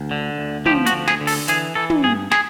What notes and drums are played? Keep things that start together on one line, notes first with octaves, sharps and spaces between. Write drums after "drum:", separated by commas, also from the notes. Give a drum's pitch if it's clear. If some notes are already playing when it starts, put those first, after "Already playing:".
Already playing: D2
D3
D2
F3 G4, drum: tom
F#4, drum: hi-hat
D2
G#4, drum: snare
D3
A4, drum: open hi-hat
E3 G#4, drum: hi-hat
E3 A4
drum: tom
G2 G#4
G#4, drum: snare